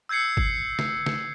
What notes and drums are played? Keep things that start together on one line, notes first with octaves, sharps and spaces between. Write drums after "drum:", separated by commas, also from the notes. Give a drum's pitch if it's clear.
E6 G6 G#6 C7 C#7
drum: kick
drum: snare
drum: snare